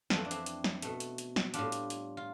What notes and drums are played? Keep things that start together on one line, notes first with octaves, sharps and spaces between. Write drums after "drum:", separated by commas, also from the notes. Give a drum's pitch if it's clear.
F2 E3 A3 F4, drum: snare
E4
D4
C4 E4, drum: hi-hat
drum: hi-hat
drum: snare
B2 A3, drum: hi-hat
drum: hi-hat
drum: hi-hat
drum: snare
A2 G3 D4 F4, drum: hi-hat
drum: hi-hat
drum: hi-hat
F4